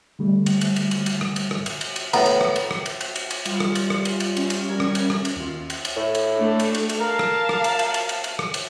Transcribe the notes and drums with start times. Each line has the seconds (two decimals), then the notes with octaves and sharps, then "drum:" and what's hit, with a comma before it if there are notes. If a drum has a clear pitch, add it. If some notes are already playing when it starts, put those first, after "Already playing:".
0.19 D3 G3 A3
0.46 drum: cymbal
0.61 drum: cymbal
0.76 drum: cymbal
0.91 drum: cymbal
1.06 drum: cymbal
1.21 drum: rim click
1.36 drum: cymbal
1.51 drum: rim click
1.66 drum: cymbal
1.81 drum: cymbal
1.96 drum: cymbal
2.13 A2 B3 A#5, drum: cymbal
2.26 drum: cymbal
2.41 drum: rim click
2.56 drum: cymbal
2.71 drum: rim click
2.86 drum: cymbal
3.01 drum: cymbal
3.16 drum: cymbal
3.31 drum: cymbal
3.45 G3 F4, drum: cymbal
3.60 drum: rim click
3.75 drum: cymbal
3.90 drum: rim click
4.05 drum: cymbal
4.20 drum: cymbal
4.37 C#4, drum: cymbal
4.50 drum: cymbal
4.69 G3 A#4 G#6
4.80 drum: rim click
4.95 drum: cymbal
5.10 drum: rim click
5.25 drum: cymbal
5.36 D#2 F4
5.70 drum: cymbal
5.85 drum: cymbal
5.96 A2
6.15 drum: cymbal
6.36 A3 D4
6.60 drum: cymbal
6.75 drum: cymbal
6.89 drum: cymbal
7.00 A#4 F5 A5
7.19 drum: rim click
7.49 drum: rim click
7.64 drum: cymbal
7.79 drum: cymbal
7.94 drum: cymbal
8.09 drum: cymbal
8.24 drum: cymbal
8.39 drum: rim click
8.54 drum: cymbal